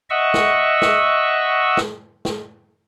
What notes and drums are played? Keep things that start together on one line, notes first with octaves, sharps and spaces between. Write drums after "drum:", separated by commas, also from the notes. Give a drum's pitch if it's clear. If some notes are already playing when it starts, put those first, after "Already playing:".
D#5 E5 F#5 C#6 E6
drum: snare
drum: snare
drum: snare
drum: snare